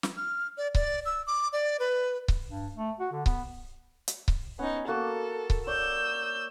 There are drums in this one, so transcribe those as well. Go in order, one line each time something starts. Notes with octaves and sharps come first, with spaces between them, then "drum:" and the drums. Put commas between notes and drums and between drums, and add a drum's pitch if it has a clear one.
drum: snare
F6
D5
D5, drum: kick C#1
E6
D6
D5
B4
drum: kick C#1
G2
A3
F#4
D3
B3, drum: kick C#1
drum: hi-hat
drum: kick C#1
B3 C#4 D#4
A#3 F#4 A4 A#4
drum: kick C#1
C#5 D5 E6 G6